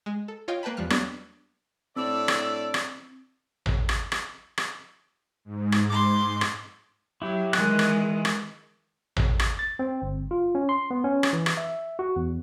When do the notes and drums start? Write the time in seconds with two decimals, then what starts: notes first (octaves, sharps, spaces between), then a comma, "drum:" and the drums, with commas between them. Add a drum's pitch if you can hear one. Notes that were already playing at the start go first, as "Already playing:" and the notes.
0.06 G#3
0.28 A4
0.48 F4 C#5 D#5 F5 G5
0.63 A#3 B4 G5 A5 B5
0.77 E2 F3 G3 F6 F#6
0.90 F#3 G3 A#3 B3 D4, drum: rim click
1.96 A2 C4 D4 D5 E6
2.28 drum: rim click
2.74 drum: rim click
3.66 drum: tom A1
3.89 drum: rim click
4.12 drum: rim click
4.58 drum: rim click
5.45 G#2
5.72 drum: rim click
5.89 C6 D6
6.41 drum: rim click
7.22 F#3 E4 G4
7.53 D#3 E3 G#3 F#6, drum: rim click
7.79 drum: rim click
8.25 drum: rim click
9.17 drum: tom A1
9.39 drum: rim click
9.59 A6
9.79 C4
10.02 G1
10.31 F4
10.55 C#4
10.69 C6
10.91 B3
11.04 C#4
11.23 drum: rim click
11.33 E3
11.46 drum: rim click
11.57 E5
11.99 F#4
12.16 E2